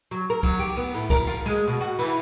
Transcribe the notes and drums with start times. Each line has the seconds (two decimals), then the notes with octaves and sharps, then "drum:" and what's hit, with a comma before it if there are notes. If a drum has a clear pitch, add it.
0.11 F#3
0.30 A#4
0.43 F#3, drum: kick C2, cymbal
0.59 G4
0.77 B3
0.94 A2
1.10 A#4, drum: kick C2, cymbal
1.27 F4
1.46 G#3
1.67 B2
1.80 F#4
1.99 E3, drum: cymbal